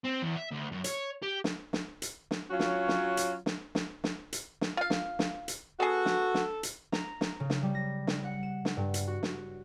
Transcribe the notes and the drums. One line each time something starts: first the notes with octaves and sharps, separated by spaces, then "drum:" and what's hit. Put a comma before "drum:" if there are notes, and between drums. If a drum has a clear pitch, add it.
C4
E2
E5
D2
F#2
C#5, drum: hi-hat
G4
drum: snare
drum: snare
drum: hi-hat
drum: snare
F#3 C#4 F4 F#4
drum: snare
drum: snare
drum: hi-hat
drum: snare
drum: snare
drum: snare
drum: hi-hat
drum: snare
F4 F5
drum: snare
drum: snare
drum: hi-hat
B3 F#4 G#4 A4
drum: snare
drum: snare
drum: hi-hat
A#5, drum: snare
drum: snare
C#3
drum: snare
G3
A#6
drum: snare
F#5
E7
drum: snare
G2
drum: hi-hat
F#4
drum: snare